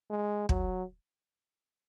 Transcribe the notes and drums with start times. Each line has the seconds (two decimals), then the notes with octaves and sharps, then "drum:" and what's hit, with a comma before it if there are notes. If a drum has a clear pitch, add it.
0.10 G#3
0.49 F#3, drum: kick